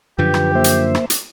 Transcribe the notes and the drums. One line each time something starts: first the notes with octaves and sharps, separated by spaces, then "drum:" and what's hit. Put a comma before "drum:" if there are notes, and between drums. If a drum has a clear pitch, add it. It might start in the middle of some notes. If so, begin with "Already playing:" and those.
F#2 D3 F3 G4 B4 G5
drum: rim click
A#3 C5 E5
drum: hi-hat
drum: rim click
drum: hi-hat